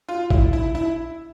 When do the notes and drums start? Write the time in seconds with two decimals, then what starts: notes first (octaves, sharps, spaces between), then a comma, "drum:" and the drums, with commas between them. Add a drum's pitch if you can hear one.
0.09 F4
0.30 E4, drum: kick
0.53 E4
0.75 E4